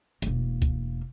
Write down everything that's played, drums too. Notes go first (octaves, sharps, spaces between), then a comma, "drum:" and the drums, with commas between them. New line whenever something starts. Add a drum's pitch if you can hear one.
E1 A#3, drum: hi-hat
drum: kick C#2, hi-hat